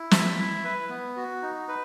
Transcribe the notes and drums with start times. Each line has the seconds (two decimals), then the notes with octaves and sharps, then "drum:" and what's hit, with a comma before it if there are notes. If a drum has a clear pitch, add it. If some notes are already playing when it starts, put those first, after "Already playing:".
Already playing: E4
0.11 E5, drum: snare
0.39 E4
0.64 B4
0.90 B3
1.16 F#4
1.42 D#4
1.68 B4